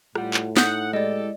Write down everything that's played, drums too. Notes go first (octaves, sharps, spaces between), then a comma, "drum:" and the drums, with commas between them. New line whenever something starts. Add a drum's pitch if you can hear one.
A2 G3 F4 F#5, drum: rim click
drum: clap
D#4 F#5 D#6 G6, drum: snare
G#3 E4 G4 A4 D5 D#5